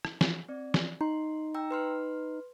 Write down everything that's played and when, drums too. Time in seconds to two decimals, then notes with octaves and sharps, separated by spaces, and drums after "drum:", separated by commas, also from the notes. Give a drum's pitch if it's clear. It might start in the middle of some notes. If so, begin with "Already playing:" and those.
0.05 drum: rim click
0.21 drum: snare
0.49 C4 D5
0.74 drum: snare
1.01 D#4 C6
1.54 G5 A#5 E6
1.71 B4 C6 F6